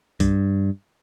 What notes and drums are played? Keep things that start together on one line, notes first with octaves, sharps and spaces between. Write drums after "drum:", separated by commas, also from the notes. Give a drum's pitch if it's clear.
G2, drum: kick B1, hi-hat